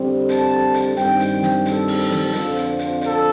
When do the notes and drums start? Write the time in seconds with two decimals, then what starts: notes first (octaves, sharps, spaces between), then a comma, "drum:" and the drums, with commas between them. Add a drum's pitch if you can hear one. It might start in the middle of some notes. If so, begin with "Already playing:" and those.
Already playing: F2 D3 G3 C4
0.29 A5, drum: hi-hat
0.74 drum: hi-hat
0.97 G2 D#3 G3 C4 G5, drum: hi-hat
1.20 drum: hi-hat
1.42 drum: snare
1.66 A4, drum: hi-hat
1.88 drum: open hi-hat
2.11 drum: snare
2.33 F2 D3 F3 C4 F4, drum: hi-hat
2.56 drum: hi-hat
2.79 drum: hi-hat
3.01 A4, drum: hi-hat